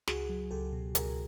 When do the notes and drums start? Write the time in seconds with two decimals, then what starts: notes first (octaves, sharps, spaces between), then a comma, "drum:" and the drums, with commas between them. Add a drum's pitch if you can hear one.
0.08 C#2 F#4 G#4, drum: snare
0.29 F#3
0.51 C#2 G4 A4
0.73 B2
0.95 C#2 G#4 A#4, drum: hi-hat